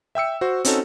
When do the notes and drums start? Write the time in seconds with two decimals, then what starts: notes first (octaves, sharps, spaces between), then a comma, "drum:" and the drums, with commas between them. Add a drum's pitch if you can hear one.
0.15 E5 G5 E6 C#7
0.41 F#4 C5
0.65 C4 C#4 D#4 F#4 A4, drum: hi-hat